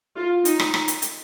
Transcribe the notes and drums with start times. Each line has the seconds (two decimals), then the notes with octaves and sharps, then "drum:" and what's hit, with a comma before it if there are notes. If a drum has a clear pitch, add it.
0.17 F4
0.45 D#4, drum: hi-hat
0.59 drum: rim click
0.74 drum: rim click
0.88 drum: hi-hat
1.02 drum: hi-hat